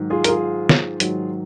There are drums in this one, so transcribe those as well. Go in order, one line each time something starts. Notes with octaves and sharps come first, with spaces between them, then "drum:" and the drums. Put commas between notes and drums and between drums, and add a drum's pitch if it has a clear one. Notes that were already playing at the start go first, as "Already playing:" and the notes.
Already playing: G#2 D#3 F#3
F4 G#4
A#4, drum: hi-hat
F4 G#4
drum: snare
G#2 D#3 F#3, drum: hi-hat